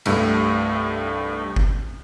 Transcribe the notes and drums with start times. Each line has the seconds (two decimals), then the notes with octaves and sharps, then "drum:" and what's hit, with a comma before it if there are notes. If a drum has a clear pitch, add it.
0.05 C2 G2 G3 A3, drum: cymbal
1.56 drum: kick F#1